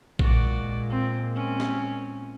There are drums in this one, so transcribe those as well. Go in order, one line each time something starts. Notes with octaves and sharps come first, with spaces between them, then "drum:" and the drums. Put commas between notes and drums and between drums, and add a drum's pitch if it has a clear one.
A#2 G#3 F#4 D5, drum: kick A#1
C4
C4 C#4
drum: snare